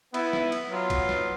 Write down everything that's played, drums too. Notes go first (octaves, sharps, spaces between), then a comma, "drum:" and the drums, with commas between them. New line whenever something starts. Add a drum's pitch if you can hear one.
B3 E4, drum: cymbal
drum: snare
drum: cymbal
F#3 B3 F4
drum: kick, cymbal
drum: snare